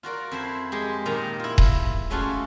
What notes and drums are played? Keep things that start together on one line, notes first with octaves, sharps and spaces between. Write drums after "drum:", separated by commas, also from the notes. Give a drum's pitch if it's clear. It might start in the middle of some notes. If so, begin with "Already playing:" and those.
F4 F#4 A#4 D5
F2 E4 C5
G#3 G4
A#2 D#3 A#4 A#5
E4 F4
drum: kick D#1
G#3 A3 C#4 F4 F#4 A4